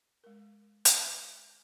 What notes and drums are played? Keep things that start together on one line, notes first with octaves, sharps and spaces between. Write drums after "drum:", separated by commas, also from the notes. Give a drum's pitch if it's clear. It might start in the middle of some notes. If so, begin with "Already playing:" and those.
G#3 A#4
drum: hi-hat